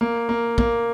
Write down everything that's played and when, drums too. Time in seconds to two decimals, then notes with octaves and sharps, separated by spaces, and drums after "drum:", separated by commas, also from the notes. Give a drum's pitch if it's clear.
0.01 A#3
0.29 A#3
0.58 A#3, drum: kick